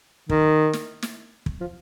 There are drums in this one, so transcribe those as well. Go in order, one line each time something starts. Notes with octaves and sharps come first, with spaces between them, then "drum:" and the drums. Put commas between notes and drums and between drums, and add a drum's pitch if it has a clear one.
D#3, drum: kick
drum: snare
drum: snare
drum: kick
F3